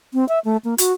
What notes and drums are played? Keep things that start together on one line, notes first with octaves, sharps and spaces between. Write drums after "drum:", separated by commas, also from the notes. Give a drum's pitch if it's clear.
C4
E5
A3
A#3
F#4, drum: hi-hat